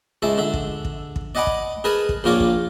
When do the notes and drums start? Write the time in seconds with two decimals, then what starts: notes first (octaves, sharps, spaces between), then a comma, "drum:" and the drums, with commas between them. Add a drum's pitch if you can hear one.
0.22 C#2 G#3 E5 A5
0.38 D3 E5
0.54 drum: kick
0.85 drum: kick
1.16 drum: kick
1.35 D5 D#5 F#5 G#5 B5 D6
1.47 drum: kick
1.84 G#4 A#4 B4 G#5 A5
2.09 drum: kick
2.24 A#1 A#3 F4 A#4 C#5 D5
2.40 drum: kick